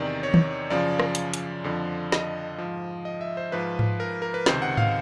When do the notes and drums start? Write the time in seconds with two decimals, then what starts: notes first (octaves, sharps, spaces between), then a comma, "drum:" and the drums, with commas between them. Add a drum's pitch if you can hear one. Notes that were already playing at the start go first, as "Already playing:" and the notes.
Already playing: E2 C3 D#3 D5
0.23 C#5
0.34 drum: tom D#3
0.70 F#2 C#3 F3 D5
0.99 drum: rim click
1.15 drum: hi-hat
1.34 drum: hi-hat
1.64 F2 D3 F3
2.12 D#5, drum: snare
2.58 F3
2.64 G#2
3.05 D#5
3.21 E5
3.37 C5
3.52 G#2 F3 B4
3.79 drum: tom G#2
4.00 A#4
4.22 A#4
4.34 B4
4.46 C#2 C3 D#3 C5, drum: snare
4.62 F#5
4.77 F5, drum: tom G#2